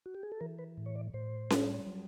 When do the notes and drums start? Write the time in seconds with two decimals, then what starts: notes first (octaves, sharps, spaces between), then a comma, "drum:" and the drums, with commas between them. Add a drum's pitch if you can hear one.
0.06 F#4
0.15 G4
0.23 G#4
0.32 A4
0.41 E3 A#4
0.59 B4
0.77 A2
0.86 C#5
0.96 D5
1.14 A2 C5
1.50 G3, drum: snare C#4
1.86 F#3